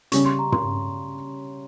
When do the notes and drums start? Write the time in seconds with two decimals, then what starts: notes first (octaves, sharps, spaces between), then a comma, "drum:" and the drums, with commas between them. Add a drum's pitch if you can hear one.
0.12 C#3 G3 C#4 C#6, drum: hi-hat
0.26 C6
0.39 A#5
0.52 C6, drum: tom